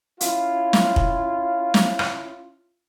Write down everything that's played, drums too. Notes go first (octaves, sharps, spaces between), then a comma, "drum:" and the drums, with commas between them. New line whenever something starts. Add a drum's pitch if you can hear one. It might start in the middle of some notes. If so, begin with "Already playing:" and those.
C#4 E4 F4, drum: hi-hat
drum: snare
drum: kick
drum: snare
drum: rim click